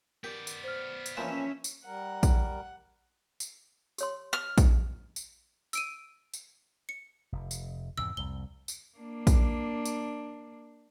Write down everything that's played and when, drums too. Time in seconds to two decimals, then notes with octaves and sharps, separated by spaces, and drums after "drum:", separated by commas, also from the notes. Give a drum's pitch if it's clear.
0.24 B3 G4 A#4 D5
0.47 drum: tambourine
0.64 C5 F6
1.06 drum: tambourine
1.17 A#2 E3 F3 C#4 E5 E7
1.64 drum: tambourine
1.85 G3 A#4 F#5
2.23 drum: kick A#1, tambourine
3.40 drum: tambourine
3.98 G4 C#5 C6, drum: tambourine
4.33 F6
4.58 drum: kick A#1, tambourine
5.16 drum: tambourine
5.73 E6 D7 D#7, drum: tambourine
6.34 drum: tambourine
6.89 C#7
7.32 F1
7.51 drum: tambourine
7.98 E2 G#2 C3 E6
8.17 C2 F2 G7
8.68 drum: tambourine
8.97 A#3 D4
9.27 drum: kick A#1, tambourine
9.85 drum: tambourine